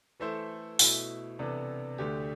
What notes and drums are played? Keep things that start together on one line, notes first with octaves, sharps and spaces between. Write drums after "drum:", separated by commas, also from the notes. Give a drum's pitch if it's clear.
E3 A3 E4 A4 C5
B2 A3 E4, drum: open hi-hat
C3 E3 B3 D4 A4
D2 D3 A3 D4 G4